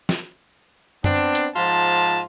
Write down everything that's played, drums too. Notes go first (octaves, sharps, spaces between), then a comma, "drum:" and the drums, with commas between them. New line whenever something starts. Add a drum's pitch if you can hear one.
drum: snare
B3 C4 D4, drum: tom F#2
drum: hi-hat
G#2 F3 F4 A5